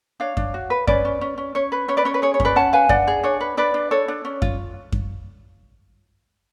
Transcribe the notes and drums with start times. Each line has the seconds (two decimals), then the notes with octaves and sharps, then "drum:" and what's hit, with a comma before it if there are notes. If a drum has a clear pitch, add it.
0.20 D4 C#5 F5
0.37 D4, drum: kick F#2
0.54 F#4
0.70 B4
0.87 C#4 B4 D5, drum: kick F#2
1.05 C#4
1.21 C#4
1.38 C#4
1.55 C#4 C#5
1.72 B4
1.88 C#4 C#5
1.97 B4 D5
2.05 C#4 C#5
2.14 B4
2.22 G#4 C#5
2.34 C#5
2.40 C#4, drum: kick F#2
2.45 B4 D5
2.56 C#4 F#5 A5
2.73 B4 F5 G#5
2.89 D4 D5 F#5, drum: kick F#2
3.07 G#4
3.24 D4 C#5
3.41 B4
3.57 D4 B4 D5
3.74 D4
3.91 A4 C#5
4.08 D4
4.25 C#4
4.42 F4, drum: kick F#2
4.92 drum: kick F#2